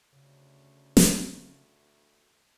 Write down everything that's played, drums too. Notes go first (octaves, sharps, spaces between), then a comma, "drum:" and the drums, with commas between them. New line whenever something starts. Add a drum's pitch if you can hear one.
D2 C#3
drum: snare